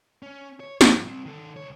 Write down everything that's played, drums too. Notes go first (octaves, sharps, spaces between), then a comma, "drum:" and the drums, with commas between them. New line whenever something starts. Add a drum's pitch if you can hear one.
C#4
C#5
G2 F3, drum: snare
G3 C4
D#3 A4
C2 C#5